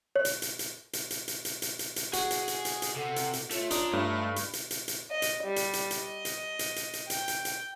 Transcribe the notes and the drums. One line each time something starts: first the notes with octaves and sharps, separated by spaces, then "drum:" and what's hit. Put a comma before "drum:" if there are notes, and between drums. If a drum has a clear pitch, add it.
C#5
drum: hi-hat
drum: hi-hat
drum: hi-hat
drum: hi-hat
drum: hi-hat
drum: hi-hat
drum: hi-hat
drum: hi-hat
drum: hi-hat
drum: hi-hat
F#4 G#4, drum: hi-hat
drum: hi-hat
drum: hi-hat
drum: hi-hat
drum: hi-hat
C3 A4 F#5
drum: hi-hat
drum: hi-hat
A3 F4 C#5, drum: hi-hat
D4 D#4, drum: hi-hat
G2 A3
drum: hi-hat
drum: hi-hat
drum: hi-hat
drum: hi-hat
D#5
drum: hi-hat
G3
drum: hi-hat
drum: hi-hat
drum: hi-hat
D#5
drum: hi-hat
drum: hi-hat
drum: hi-hat
drum: hi-hat
G5, drum: hi-hat
drum: hi-hat
drum: hi-hat